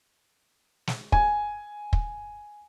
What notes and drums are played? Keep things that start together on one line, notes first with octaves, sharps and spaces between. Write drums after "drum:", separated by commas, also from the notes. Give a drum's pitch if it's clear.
drum: snare
G#5, drum: kick
drum: kick